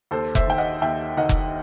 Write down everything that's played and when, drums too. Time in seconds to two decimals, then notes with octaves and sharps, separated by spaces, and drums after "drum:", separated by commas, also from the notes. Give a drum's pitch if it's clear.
0.11 D#2 A4 C5
0.35 C5 E5, drum: kick F1
0.47 D#3 G5
0.58 D#5 F#5
0.82 D#2 E5 G5
1.17 D#3 D#5 F#5
1.29 drum: kick F1